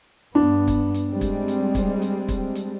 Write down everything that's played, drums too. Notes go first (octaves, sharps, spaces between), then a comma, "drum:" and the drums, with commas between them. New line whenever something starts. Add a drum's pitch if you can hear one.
G2 B3 D4
drum: kick, hi-hat
drum: hi-hat
G3 G#3 C4
drum: kick, hi-hat
drum: hi-hat
drum: kick, hi-hat
drum: hi-hat
drum: kick, hi-hat
drum: hi-hat